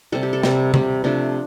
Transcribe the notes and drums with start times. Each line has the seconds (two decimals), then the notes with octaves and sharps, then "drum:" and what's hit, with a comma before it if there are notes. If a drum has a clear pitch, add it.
0.12 C3 G3 A4
0.23 G4
0.33 A4
0.43 C3 G3, drum: snare
0.74 C3 G3, drum: tom C3
1.04 C3 F3 A3 D4